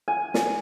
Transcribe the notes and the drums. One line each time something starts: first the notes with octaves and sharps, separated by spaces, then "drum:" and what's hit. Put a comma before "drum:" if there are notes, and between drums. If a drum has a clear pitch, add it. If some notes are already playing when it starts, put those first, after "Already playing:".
G#5
drum: snare